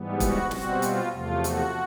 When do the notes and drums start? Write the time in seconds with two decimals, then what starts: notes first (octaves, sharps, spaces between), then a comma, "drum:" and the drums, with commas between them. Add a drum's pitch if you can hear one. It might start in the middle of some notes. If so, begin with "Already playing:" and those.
Already playing: G#2 E3 G3 B3
0.20 F#4, drum: kick, hi-hat
0.51 B2 G3 C4 F#4, drum: snare
0.82 F4, drum: hi-hat
1.12 E2 C3 F3 A3 F4
1.44 F#4, drum: hi-hat